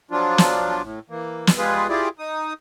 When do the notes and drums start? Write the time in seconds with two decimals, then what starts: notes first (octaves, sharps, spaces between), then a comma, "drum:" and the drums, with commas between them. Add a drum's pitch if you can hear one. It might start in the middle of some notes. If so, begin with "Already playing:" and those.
0.11 F3 F#3 D4 F4
0.38 drum: snare
0.82 A2
1.09 E3 A#3
1.47 drum: snare
1.58 G3 G#3 F4 G#4 B4
1.89 E4 F4 G4 G#4 D5
2.19 D#4 D#6